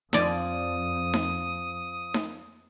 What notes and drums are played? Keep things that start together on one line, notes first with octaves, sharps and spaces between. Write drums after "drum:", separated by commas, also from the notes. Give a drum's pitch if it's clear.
F2 F3 D5 G#5 D#6, drum: snare D#4
drum: snare D#4
drum: snare D#4